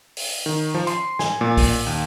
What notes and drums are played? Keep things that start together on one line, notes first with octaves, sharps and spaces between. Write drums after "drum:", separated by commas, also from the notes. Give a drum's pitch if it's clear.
drum: open hi-hat
D#3
F3
C6, drum: hi-hat
G#5, drum: snare
A#2
drum: kick B1, open hi-hat
D#2